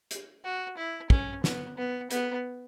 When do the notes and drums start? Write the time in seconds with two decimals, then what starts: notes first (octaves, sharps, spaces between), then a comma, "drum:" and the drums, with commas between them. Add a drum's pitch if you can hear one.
0.11 drum: hi-hat
0.44 F#4
0.77 E4
1.10 C#4, drum: kick
1.44 B3, drum: snare
1.78 B3
2.11 B3, drum: hi-hat